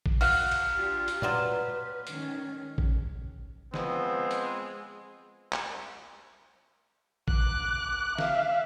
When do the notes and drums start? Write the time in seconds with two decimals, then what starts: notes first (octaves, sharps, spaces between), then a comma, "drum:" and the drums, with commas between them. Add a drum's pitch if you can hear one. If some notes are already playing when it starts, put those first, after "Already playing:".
0.06 drum: kick A1
0.21 F#4 F5 F6 F#6, drum: open hi-hat
0.51 drum: cymbal
0.73 D4 F4 G4
1.08 drum: hi-hat
1.22 F#3 F4 B4 D5, drum: tom A#2
2.07 D#3 G#3 C#4, drum: hi-hat
2.78 drum: kick A1
3.74 F3 G#3 B3 C4, drum: snare
4.31 drum: hi-hat
5.53 drum: clap
7.28 D6 F#6, drum: kick A1
8.18 E5 F5, drum: snare